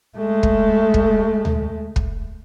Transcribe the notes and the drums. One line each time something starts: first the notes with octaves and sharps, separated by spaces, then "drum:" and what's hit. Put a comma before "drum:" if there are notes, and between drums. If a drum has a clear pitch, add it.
G#3 A3
drum: kick
drum: kick
drum: tom D2
drum: kick